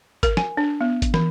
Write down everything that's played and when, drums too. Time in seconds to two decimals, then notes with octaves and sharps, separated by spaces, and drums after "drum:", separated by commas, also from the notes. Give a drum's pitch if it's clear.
0.23 A#4, drum: kick G#1, hi-hat
0.37 G#5, drum: snare
0.57 D4
0.81 B3
1.02 drum: kick G#1, hi-hat
1.14 E3, drum: snare